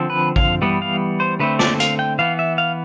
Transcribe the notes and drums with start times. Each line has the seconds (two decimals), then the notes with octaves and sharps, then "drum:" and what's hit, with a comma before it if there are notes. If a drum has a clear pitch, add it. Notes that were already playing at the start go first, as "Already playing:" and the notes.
Already playing: D3 F3 C4
0.10 B4
0.36 F5, drum: kick A1
0.62 E3 G3 B3
0.82 F5
1.20 C5
1.40 D3 A3 C4 B4
1.59 D5, drum: snare
1.80 F5, drum: hi-hat
1.99 G5
2.19 E3 B3 F5
2.39 E5
2.58 F5